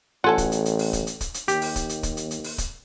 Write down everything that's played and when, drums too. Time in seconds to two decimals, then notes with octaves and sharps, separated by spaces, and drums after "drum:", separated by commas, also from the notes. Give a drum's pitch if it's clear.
0.24 A1 F4 A4 F#5 G#5 A5
0.38 drum: kick, hi-hat
0.52 drum: hi-hat
0.66 drum: hi-hat
0.79 drum: open hi-hat
0.93 drum: kick, hi-hat
1.07 drum: hi-hat
1.21 drum: kick, hi-hat
1.34 drum: hi-hat
1.48 D#2 G4, drum: hi-hat
1.62 drum: open hi-hat
1.76 drum: kick, hi-hat
1.89 drum: hi-hat
2.03 drum: kick, hi-hat
2.17 drum: hi-hat
2.31 drum: hi-hat
2.44 drum: open hi-hat
2.58 drum: kick, hi-hat